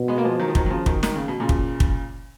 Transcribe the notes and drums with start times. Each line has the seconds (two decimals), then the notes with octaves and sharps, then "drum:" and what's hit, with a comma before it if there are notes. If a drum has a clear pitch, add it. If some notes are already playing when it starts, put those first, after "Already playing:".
Already playing: B2
0.08 G#3 B3
0.18 A#3
0.24 F3 G#3
0.39 D#3 F#3
0.48 F3
0.55 D#3 F#3, drum: kick
0.66 F#3
0.71 C#3 F3
0.86 B2 D#3, drum: kick
1.03 D#3, drum: snare
1.16 C#3
1.28 B2
1.40 A#2 C#3
1.49 drum: kick
1.80 drum: kick